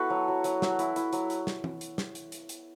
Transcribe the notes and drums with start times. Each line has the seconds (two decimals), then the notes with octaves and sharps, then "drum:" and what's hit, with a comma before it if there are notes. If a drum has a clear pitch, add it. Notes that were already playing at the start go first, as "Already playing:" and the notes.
Already playing: B3 E4 F#4 A4 B4
0.10 F#3
0.28 F#3
0.44 F#3, drum: hi-hat
0.62 F#3, drum: snare
0.79 E4, drum: hi-hat
0.96 E4, drum: hi-hat
1.13 F#3, drum: hi-hat
1.30 drum: hi-hat
1.47 drum: snare
1.64 drum: tom E3
1.81 drum: hi-hat
1.98 drum: snare
2.15 drum: hi-hat
2.32 drum: hi-hat
2.49 drum: hi-hat